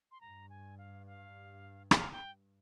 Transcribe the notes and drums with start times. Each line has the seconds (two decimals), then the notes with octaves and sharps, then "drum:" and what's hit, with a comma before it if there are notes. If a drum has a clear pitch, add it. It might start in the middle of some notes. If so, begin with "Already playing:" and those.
0.11 C6
0.21 G2 A#5
0.50 G#5
0.78 F5
1.07 F5
1.91 F5, drum: rim click
2.12 G5